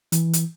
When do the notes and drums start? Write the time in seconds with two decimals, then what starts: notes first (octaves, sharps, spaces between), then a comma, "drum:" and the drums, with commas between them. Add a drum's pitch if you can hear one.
0.12 E3, drum: hi-hat
0.33 drum: hi-hat